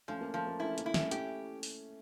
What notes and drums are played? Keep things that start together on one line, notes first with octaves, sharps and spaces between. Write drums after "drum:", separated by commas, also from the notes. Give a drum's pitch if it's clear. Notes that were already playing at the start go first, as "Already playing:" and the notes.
F3 A3 C#4
A#3
F3 A3
A#3
A3 C#4 E4
A#3, drum: hi-hat
E4
A3 C#4, drum: snare
A3 C#4 G4, drum: hi-hat
drum: open hi-hat